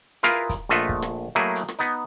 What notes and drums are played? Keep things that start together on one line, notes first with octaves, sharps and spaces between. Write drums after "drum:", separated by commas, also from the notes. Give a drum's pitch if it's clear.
E4 F4 G#4 A#4 B4 F5, drum: hi-hat
drum: kick, hi-hat
A#1 A3 F4 D#5 E5 F#5
drum: kick
drum: rim click
F#3 A3 A#3 E4 G#4
drum: hi-hat
drum: rim click
B3 D#4, drum: hi-hat